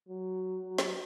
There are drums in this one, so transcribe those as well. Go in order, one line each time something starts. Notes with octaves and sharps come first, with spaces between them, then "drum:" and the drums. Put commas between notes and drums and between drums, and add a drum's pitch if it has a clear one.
F#3
F#3
drum: snare